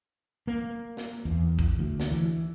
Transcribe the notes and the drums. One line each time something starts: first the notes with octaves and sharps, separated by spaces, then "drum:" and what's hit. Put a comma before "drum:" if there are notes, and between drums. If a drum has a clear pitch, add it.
A#3
drum: snare
E2
drum: kick A1
D2
drum: snare
E3